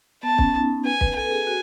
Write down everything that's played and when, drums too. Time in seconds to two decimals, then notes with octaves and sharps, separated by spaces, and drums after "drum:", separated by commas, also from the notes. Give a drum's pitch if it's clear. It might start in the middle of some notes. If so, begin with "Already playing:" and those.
0.23 B3 A5
0.38 C#4, drum: kick
0.54 D#4
0.85 B4 G#5
1.01 B4, drum: kick
1.16 A4 G#5
1.32 G#4
1.47 F#4